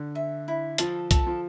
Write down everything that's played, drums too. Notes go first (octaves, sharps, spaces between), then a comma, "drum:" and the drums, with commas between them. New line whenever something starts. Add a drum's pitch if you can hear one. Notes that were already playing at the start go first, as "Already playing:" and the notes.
Already playing: D3
E5
E4
F3 A4, drum: hi-hat
A4, drum: kick, hi-hat
F3